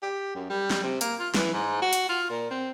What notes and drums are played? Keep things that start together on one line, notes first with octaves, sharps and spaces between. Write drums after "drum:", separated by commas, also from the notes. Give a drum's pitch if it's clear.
G4
F#2
G3
drum: snare
C3
A#3, drum: hi-hat
F4
E3, drum: snare
G#2
F#4
drum: hi-hat
F4
A#2
C4